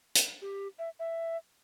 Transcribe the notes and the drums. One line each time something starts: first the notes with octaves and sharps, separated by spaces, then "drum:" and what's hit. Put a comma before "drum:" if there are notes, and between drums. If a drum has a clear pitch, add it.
drum: hi-hat
G4
E5
E5